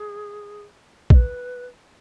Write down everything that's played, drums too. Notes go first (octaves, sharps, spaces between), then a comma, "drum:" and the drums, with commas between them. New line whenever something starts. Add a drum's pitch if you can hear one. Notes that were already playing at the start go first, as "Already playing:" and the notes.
Already playing: G#4
D#5, drum: kick
B4